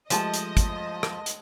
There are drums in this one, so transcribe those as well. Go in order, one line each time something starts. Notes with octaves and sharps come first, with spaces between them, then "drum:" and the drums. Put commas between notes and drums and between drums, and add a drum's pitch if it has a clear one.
F3 G#3 A3 G4 D#5 A5 E6, drum: hi-hat
drum: hi-hat
drum: kick, hi-hat
drum: rim click
drum: hi-hat